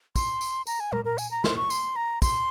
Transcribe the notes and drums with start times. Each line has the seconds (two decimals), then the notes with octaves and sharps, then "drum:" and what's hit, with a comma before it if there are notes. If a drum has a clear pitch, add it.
0.16 C6, drum: kick, tambourine
0.41 drum: tambourine
0.67 A#5, drum: tambourine
0.80 G#5
0.92 A#4, drum: tom A#2
1.05 A#4
1.18 G#5, drum: tambourine
1.31 A#5
1.44 C6, drum: snare
1.56 C#6
1.70 C6, drum: tambourine
1.96 A#5
2.22 C6, drum: kick, tambourine